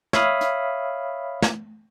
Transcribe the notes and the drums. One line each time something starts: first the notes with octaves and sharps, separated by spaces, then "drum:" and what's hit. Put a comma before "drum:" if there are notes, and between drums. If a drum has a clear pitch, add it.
C#5 E5 F5 B5 D#6 F6, drum: snare
drum: hi-hat
drum: snare